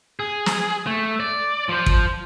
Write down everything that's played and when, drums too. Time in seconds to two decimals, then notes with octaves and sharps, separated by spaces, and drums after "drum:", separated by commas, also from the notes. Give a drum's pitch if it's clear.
0.20 G#4
0.46 drum: snare
0.87 A3
1.20 D5
1.69 F3 C5
1.86 drum: kick